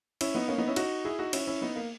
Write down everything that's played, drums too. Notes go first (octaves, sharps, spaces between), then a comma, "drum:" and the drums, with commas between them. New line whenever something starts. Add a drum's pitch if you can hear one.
C#4 E4, drum: cymbal
B3 D#4
A#3 C#4
B3 D#4
C#4 E4
D#4 F#4, drum: cymbal
E4 G#4
D#4 F#4
C#4 E4, drum: cymbal
C#4 E4
B3 D#4
A#3